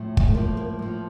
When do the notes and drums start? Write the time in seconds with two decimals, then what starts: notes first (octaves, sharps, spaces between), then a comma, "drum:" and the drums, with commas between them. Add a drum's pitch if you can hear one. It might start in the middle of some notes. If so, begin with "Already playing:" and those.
Already playing: A2 F3
0.17 drum: kick
0.28 A3
0.35 A2 F3 A#3
0.57 A#3
0.79 A2 F3